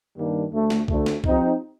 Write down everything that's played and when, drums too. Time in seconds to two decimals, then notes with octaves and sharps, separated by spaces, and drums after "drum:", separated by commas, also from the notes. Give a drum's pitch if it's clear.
0.17 G2 D#3 G3 A#3 D4
0.52 D2 D3 A3
0.70 drum: snare
0.88 D2 D3 A3, drum: kick
1.06 drum: snare
1.24 F3 C4 D#4 G4, drum: kick